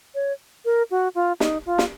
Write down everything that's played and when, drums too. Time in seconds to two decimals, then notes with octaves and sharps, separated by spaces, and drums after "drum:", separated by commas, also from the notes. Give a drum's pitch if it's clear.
0.15 C#5
0.65 A#4
0.91 F#4
1.15 F4
1.40 D#4, drum: snare
1.66 F4
1.78 drum: snare